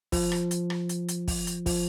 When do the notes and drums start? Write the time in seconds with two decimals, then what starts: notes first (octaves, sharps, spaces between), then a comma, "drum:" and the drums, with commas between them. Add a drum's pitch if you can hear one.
0.12 F3, drum: kick, open hi-hat
0.32 drum: rim click
0.51 drum: hi-hat
0.70 drum: rim click
0.89 drum: hi-hat
1.08 drum: hi-hat
1.28 drum: kick, open hi-hat
1.47 drum: hi-hat
1.66 F3, drum: kick, open hi-hat